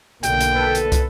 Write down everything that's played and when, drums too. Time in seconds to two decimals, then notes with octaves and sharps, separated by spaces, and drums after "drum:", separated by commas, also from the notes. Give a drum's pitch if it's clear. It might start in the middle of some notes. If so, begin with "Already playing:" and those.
0.23 B1 D3 A#3 G5, drum: hi-hat
0.41 drum: hi-hat
0.54 A4 B4
0.75 drum: hi-hat
0.92 drum: kick, hi-hat